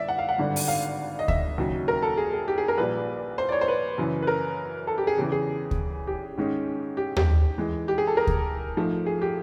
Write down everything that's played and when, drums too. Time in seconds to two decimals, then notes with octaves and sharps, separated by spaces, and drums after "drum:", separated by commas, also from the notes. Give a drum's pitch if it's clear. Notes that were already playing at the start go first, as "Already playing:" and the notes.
Already playing: G1 D5 E5
0.08 F#5
0.18 F5
0.29 F#5
0.38 G#1 G2 D3
0.56 drum: open hi-hat
0.68 F5
1.19 D#5
1.28 E5, drum: kick D2
1.58 D#2 C#3 F#3
1.88 A#4
2.02 A4
2.17 G#4
2.33 G#4
2.48 G4
2.58 G#4
2.68 A#4
2.78 A#1 A#2 G3 B4
3.38 C5
3.49 D5
3.52 C#5
3.61 C5
3.68 B4
3.98 F#2 C#3 E3
4.22 B4
4.27 A#4
4.87 A4
4.98 G4
5.07 G#4
5.17 E2 C#3 E3 G4
5.32 G#4
5.71 drum: kick D2
6.07 G4
6.37 G#2 D#3 G#3 C#4
6.97 G4
7.17 G4, drum: tom D#2
7.57 A2 E3 G#3
7.88 G4
7.98 G#4
8.07 A4
8.17 A#4
8.27 drum: kick D2
8.77 G#2 F3 A3
9.06 G#4
9.22 G4